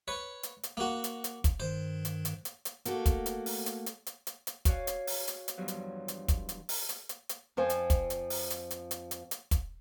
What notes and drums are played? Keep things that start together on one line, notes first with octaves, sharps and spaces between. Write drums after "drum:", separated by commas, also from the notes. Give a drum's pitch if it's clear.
B4 C#5
drum: hi-hat
drum: hi-hat
A#3 F#4
drum: hi-hat
drum: hi-hat
drum: kick, hi-hat
G2 D#3 C5
drum: hi-hat
drum: hi-hat
drum: hi-hat
drum: hi-hat
A3 A#3 F#4 A4, drum: hi-hat
drum: kick, hi-hat
drum: hi-hat
drum: open hi-hat
drum: hi-hat
drum: hi-hat
drum: hi-hat
drum: hi-hat
drum: hi-hat
F#4 C#5 D5 F5 G#5, drum: kick, hi-hat
drum: hi-hat
drum: open hi-hat
drum: hi-hat
drum: hi-hat
E2 G2 F3 F#3
drum: hi-hat
drum: hi-hat
drum: kick, hi-hat
drum: hi-hat
drum: open hi-hat
drum: hi-hat
drum: hi-hat
drum: hi-hat
F2 F3 C5 G#5
drum: hi-hat
drum: kick, hi-hat
drum: hi-hat
drum: open hi-hat
drum: hi-hat
drum: hi-hat
drum: hi-hat
drum: hi-hat
drum: hi-hat
drum: kick, hi-hat